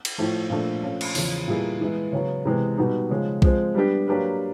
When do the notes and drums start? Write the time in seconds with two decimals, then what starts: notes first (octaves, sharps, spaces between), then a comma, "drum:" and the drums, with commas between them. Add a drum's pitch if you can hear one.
0.05 drum: cymbal
0.18 A2 F3 A3
0.50 A#2 F3 A3 D4
0.83 F3 A3 C#4 F4
1.01 drum: cymbal
1.15 E2 C#3 F3, drum: open hi-hat
1.48 A#2 G3 B3 E4 G#4
1.81 E3 G#3 B3 E4
2.12 C#3 F#3 B3
2.45 C3 E3 G#3 B3
2.78 B2 G3 B3 D#4
3.11 C#3 F3 G#3
3.42 F3 G#3 C4, drum: kick B1
3.75 G3 B3 D4 G4
4.07 F#3 A#3 D4 G4 B4